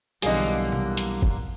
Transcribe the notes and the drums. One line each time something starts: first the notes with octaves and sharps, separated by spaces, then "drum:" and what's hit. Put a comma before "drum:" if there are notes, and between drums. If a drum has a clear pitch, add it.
B1 D3 E3 G3 A#3 G#4 D#5, drum: hi-hat
drum: tom C3
drum: hi-hat
drum: kick